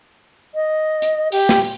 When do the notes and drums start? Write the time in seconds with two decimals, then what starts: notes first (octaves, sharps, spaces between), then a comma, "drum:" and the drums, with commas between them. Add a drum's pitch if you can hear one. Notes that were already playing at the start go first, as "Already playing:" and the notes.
0.55 D#5
1.02 drum: hi-hat
1.32 G4, drum: open hi-hat
1.49 drum: snare